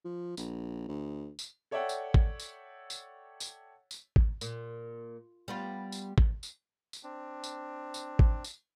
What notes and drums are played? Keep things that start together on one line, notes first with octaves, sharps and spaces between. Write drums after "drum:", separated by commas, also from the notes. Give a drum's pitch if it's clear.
F3
A#1, drum: tambourine
D2
drum: tambourine
A4 C#5 D5 E5 F#5 G5
drum: tambourine
drum: kick G#1
drum: tambourine
drum: tambourine
drum: tambourine
drum: tambourine
drum: kick G#1
A#2, drum: tambourine
G3 B3 F4
drum: tambourine
drum: kick G#1
drum: tambourine
drum: tambourine
C4 D4
drum: tambourine
drum: tambourine
drum: kick G#1
drum: tambourine